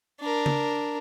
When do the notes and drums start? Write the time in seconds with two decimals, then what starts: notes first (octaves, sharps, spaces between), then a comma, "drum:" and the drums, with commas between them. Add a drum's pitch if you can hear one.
0.21 D4 A#4
0.46 drum: tom